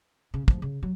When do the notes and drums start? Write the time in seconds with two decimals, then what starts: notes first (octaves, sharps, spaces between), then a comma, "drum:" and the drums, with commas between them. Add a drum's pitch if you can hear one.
0.34 C#3
0.48 D2 F3, drum: kick
0.62 C#3
0.83 F#3